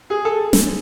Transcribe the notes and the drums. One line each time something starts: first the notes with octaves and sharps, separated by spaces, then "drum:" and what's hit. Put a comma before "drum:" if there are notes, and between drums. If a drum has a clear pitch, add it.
G#4
A4
drum: snare